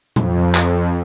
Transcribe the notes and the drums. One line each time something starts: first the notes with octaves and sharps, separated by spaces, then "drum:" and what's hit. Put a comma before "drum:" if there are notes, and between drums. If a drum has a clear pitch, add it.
F2, drum: tom A#2
drum: clap